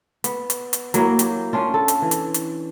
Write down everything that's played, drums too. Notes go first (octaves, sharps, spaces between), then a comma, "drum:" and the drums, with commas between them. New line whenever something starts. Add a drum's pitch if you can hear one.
B3, drum: hi-hat
drum: hi-hat
drum: hi-hat
F#3 A#3 E4, drum: hi-hat
G4, drum: hi-hat
C#4 D4 F4
A4
drum: hi-hat
E3
drum: hi-hat
drum: hi-hat